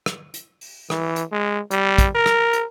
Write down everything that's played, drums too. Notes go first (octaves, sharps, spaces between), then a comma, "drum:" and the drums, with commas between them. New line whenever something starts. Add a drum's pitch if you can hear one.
drum: rim click
drum: hi-hat
drum: open hi-hat
E3, drum: rim click
drum: hi-hat
G#3
G3, drum: hi-hat
drum: kick, hi-hat
A#4
drum: rim click
drum: hi-hat